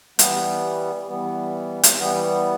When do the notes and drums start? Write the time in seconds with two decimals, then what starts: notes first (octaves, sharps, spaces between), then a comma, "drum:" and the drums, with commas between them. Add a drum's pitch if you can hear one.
0.19 E3 G3 B3, drum: hi-hat
1.09 E3 G3 B3
1.83 drum: hi-hat
1.99 E3 G3 B3